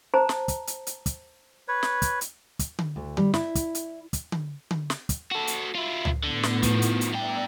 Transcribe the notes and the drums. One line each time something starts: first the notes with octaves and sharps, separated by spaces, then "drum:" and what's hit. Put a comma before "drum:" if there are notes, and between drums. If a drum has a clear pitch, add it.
C5 A5 A#5
drum: snare
drum: kick, hi-hat
drum: hi-hat
drum: hi-hat
drum: kick, hi-hat
B4 C#5
drum: snare
drum: kick, hi-hat
drum: hi-hat
drum: kick, hi-hat
drum: tom D3
D2
G3, drum: tom D3
E4, drum: snare
drum: kick, hi-hat
drum: hi-hat
drum: kick, hi-hat
drum: tom D3
drum: tom D3
drum: snare
drum: kick, hi-hat
F#4 A4
drum: hi-hat
E4 F4
drum: tom C#2
A2 D3 B3
drum: snare
D#3 F3, drum: kick, hi-hat
drum: hi-hat
drum: hi-hat
G2 D5 E5 G5 A#5